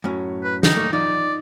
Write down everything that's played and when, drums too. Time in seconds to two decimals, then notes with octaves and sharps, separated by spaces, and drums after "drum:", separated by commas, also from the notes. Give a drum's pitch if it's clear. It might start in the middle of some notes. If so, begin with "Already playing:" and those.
0.04 F#2 A2 C#4
0.43 B4
0.63 D3 D#4, drum: snare
0.76 A3 A#3
0.93 D#4 F4 D5